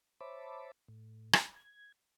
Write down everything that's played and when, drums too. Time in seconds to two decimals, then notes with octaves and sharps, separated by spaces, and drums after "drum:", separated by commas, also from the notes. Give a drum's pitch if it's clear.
0.21 C5 C#5 E5 A5 B5 D6
0.88 A2
1.33 drum: rim click
1.56 G#6